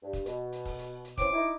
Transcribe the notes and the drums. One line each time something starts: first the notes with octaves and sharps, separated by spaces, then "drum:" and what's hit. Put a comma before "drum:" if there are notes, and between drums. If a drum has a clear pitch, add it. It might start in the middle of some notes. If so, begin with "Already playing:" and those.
G2
drum: kick, hi-hat
B2, drum: hi-hat
drum: hi-hat
drum: kick, open hi-hat
drum: hi-hat
drum: hi-hat
E3 C4 C#4 D6, drum: kick, hi-hat
D#4 E4